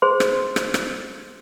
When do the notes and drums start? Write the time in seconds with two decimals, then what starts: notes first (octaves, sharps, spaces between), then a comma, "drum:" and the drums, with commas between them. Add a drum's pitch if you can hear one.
0.02 G#4 C5 C6
0.20 drum: rim click
0.56 drum: rim click
0.74 drum: rim click